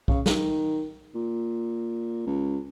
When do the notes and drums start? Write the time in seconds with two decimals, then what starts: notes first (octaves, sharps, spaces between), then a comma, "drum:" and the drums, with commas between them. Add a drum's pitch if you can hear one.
0.08 C#3, drum: kick
0.26 D#3, drum: snare
1.15 A#2
2.26 C#2